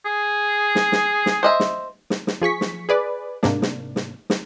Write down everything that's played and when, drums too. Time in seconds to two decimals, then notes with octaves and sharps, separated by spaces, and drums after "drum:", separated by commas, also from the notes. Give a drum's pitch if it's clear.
0.05 G#4
0.75 drum: snare
0.92 drum: snare
1.26 drum: snare
1.43 C5 D#5 E5
1.60 drum: snare
2.10 drum: snare
2.27 drum: snare
2.42 F3 G#4 C#6 B6
2.61 drum: snare
2.89 G#4 B4 D5
3.43 G#2 C3 A#3 D4, drum: snare
3.62 drum: snare
3.96 drum: snare
4.30 drum: snare